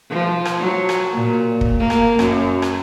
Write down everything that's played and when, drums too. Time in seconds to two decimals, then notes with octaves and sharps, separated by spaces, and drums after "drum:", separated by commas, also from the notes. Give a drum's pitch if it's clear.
0.10 F3
0.45 drum: rim click
0.58 F#3
0.89 drum: rim click
1.14 A#2
1.61 drum: kick
1.79 A#3
1.90 drum: rim click
2.19 F#2, drum: rim click
2.62 drum: rim click